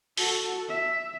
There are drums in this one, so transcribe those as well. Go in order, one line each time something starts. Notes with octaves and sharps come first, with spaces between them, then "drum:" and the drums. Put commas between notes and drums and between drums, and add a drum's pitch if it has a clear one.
F#4 A4, drum: open hi-hat
E5